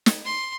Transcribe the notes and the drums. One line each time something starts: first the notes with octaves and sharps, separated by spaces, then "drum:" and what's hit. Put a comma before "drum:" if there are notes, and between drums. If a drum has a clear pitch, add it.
drum: snare
C6